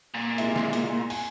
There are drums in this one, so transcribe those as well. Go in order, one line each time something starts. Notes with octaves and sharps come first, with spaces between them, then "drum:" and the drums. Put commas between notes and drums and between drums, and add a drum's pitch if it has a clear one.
A#2
C3 G#3 E4, drum: hi-hat
drum: snare
drum: hi-hat
G#5, drum: open hi-hat